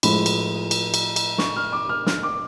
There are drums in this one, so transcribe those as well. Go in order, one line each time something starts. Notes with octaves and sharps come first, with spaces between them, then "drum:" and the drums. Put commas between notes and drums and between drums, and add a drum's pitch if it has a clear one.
A2 F3 G#3 B5, drum: cymbal
drum: cymbal
drum: cymbal
drum: cymbal
drum: cymbal
C#6, drum: snare
F6
D6
F6
F6, drum: snare
D6